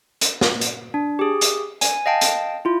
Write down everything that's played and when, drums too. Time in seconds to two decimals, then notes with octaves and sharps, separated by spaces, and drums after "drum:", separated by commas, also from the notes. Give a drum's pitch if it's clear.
0.21 drum: hi-hat
0.41 drum: snare
0.61 drum: hi-hat
0.94 D4
1.19 G4 G#4
1.41 drum: hi-hat
1.81 G#5, drum: hi-hat
2.06 D#5 F5 G5 A5
2.21 drum: hi-hat
2.65 E4 F4